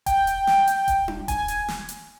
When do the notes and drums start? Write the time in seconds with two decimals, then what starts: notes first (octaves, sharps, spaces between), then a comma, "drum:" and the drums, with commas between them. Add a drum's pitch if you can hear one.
0.06 G5, drum: kick D#1, hi-hat
0.27 drum: hi-hat
0.47 drum: snare
0.67 drum: hi-hat
0.88 drum: kick D#1, hi-hat
1.08 drum: tom D4
1.28 G#5, drum: kick D#1, hi-hat
1.48 drum: hi-hat
1.68 drum: snare
1.89 drum: hi-hat